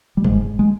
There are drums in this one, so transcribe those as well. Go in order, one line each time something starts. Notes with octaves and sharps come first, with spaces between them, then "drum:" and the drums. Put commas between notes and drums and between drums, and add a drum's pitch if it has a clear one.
G3
G#2 G#3, drum: kick
G#3